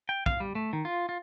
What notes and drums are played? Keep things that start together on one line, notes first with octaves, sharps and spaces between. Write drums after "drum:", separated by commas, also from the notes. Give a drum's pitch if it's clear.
G5
F5, drum: kick
G3
A3
D#3
F4
F4